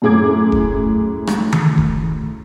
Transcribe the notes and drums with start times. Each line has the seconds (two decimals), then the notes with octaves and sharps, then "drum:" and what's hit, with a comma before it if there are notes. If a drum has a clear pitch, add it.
0.02 F#2 A2 G#4 D6 G#6
0.52 drum: kick E1
1.27 drum: rim click
1.52 drum: tom D#3
1.78 drum: kick E1